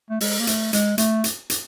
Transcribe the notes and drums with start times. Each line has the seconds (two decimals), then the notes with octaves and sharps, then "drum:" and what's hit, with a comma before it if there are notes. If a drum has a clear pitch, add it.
0.10 A3
0.21 G#3, drum: open hi-hat
0.39 A#3
0.47 A3, drum: hi-hat
0.73 G#3, drum: hi-hat
0.98 A3, drum: hi-hat
1.24 drum: hi-hat
1.50 drum: hi-hat